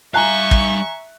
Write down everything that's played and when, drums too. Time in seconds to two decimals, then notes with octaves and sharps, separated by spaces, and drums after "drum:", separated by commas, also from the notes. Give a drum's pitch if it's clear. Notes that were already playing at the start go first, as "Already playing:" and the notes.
0.14 G3 E5 F5 G#5 A#5 C#6 F#6
0.51 drum: kick